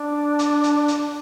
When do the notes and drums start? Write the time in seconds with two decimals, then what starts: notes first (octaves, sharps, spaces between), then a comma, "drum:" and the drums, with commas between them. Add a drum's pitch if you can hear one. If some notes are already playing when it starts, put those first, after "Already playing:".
Already playing: D4
0.39 drum: hi-hat
0.64 drum: hi-hat
0.88 drum: hi-hat